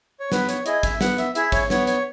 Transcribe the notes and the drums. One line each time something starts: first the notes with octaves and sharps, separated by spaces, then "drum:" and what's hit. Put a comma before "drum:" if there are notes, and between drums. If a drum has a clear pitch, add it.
C#5
B3 B4, drum: snare
C#5, drum: hi-hat
E4 G#4 D#5, drum: hi-hat
E5, drum: kick, hi-hat
B3 F#5, drum: snare
E5, drum: hi-hat
E4 G#4 E5, drum: hi-hat
C#5, drum: kick, hi-hat
B3 C#5, drum: snare
C#5, drum: hi-hat